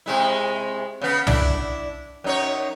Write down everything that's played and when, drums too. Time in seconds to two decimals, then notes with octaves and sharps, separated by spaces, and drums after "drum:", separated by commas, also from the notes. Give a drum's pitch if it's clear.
0.06 C3 G#3 E4
1.02 C#3 B3
1.27 D4 E4, drum: tom
2.24 F#2 D#4 C#5